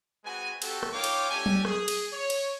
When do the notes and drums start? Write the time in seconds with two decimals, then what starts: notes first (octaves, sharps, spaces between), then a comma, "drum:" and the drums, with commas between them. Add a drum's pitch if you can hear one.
0.25 G#3 C4 F#4 B4 G#5
0.62 C4 F#4 G4 A4, drum: cymbal
0.83 drum: rim click
0.93 D#4 F4 C#5 F5 G5 D6
1.04 drum: cymbal
1.30 A3 C#4 D4 G4 G#5
1.46 drum: tom F#3
1.65 G#4, drum: rim click
1.88 drum: cymbal
2.13 C#5
2.30 drum: cymbal